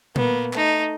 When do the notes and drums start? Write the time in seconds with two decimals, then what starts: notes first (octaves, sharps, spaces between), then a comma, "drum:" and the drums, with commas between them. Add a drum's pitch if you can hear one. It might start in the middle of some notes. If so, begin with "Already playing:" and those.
0.16 A#3 B3, drum: tom A#2
0.53 A3 D#4, drum: clap